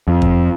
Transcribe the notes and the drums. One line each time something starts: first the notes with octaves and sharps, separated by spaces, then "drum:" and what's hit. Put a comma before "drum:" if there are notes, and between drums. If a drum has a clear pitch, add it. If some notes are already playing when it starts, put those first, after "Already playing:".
F2
drum: kick